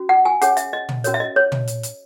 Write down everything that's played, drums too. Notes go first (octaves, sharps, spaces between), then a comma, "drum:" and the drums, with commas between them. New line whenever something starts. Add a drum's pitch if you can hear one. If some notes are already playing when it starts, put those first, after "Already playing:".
Already playing: C#4 F#4
F#5
G#5
C#4 G#4 C#5 F#5, drum: hi-hat
E5, drum: hi-hat
D#5
drum: tom
C#4 F#4 A#4 C#5, drum: hi-hat
E5
D#5
C#5
drum: tom
drum: hi-hat
drum: hi-hat